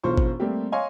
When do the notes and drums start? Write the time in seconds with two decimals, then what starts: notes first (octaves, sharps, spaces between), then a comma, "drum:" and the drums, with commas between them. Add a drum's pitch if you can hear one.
0.04 E1 B1 F4 C5 C#6
0.18 drum: kick G#1
0.40 G3 A3 A#3 C4 G4
0.72 C#5 D#5 F5 G#5 C6 C#6